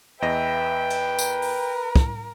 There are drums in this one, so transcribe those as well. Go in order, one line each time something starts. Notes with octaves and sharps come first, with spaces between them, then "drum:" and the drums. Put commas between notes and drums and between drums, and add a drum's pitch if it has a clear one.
E2 B4 D#5 E5 G5 A#6
drum: cymbal
A#4, drum: tambourine
drum: open hi-hat
drum: kick